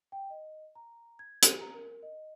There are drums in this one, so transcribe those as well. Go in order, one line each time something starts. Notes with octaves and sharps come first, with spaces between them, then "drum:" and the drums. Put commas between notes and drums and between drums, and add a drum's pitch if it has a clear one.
G5
D#5
A#5
G#6
G4, drum: hi-hat
A#5
A#4
D#5